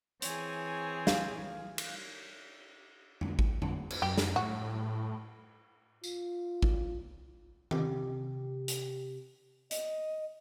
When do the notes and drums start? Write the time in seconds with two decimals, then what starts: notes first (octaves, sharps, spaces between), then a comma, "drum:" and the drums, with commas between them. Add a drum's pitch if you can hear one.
0.22 E3 C4 G#4 C#5 G#5, drum: hi-hat
1.07 F5, drum: snare
1.78 drum: cymbal
3.21 drum: tom
3.39 drum: kick G#1
3.62 drum: tom
3.90 drum: cymbal
4.02 F#2 G4
4.18 drum: snare
4.36 A2 F#4
6.04 F4, drum: tambourine
6.62 drum: kick G#1
7.71 C3 G4, drum: tom D#3
8.68 drum: hi-hat
9.71 D#5, drum: hi-hat